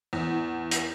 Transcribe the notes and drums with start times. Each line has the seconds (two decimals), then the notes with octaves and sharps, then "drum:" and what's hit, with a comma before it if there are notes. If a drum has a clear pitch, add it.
0.13 E2
0.71 drum: hi-hat